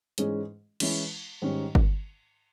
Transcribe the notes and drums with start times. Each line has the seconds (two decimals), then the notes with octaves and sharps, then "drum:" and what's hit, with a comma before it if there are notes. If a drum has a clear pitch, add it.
0.18 G#2 E3 G#3 C#4 G#4, drum: hi-hat
0.80 E3 G#3 C#4 E4, drum: cymbal
1.42 G#2 D#3 G3 C#4
1.75 drum: kick G1